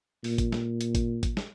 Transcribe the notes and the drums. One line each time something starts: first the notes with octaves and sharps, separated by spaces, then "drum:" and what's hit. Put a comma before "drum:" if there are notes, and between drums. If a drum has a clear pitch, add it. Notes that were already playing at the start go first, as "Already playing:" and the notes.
A#2, drum: open hi-hat
drum: kick G#1, hi-hat
drum: snare
drum: hi-hat
drum: kick G#1, hi-hat
drum: kick G#1, hi-hat
drum: snare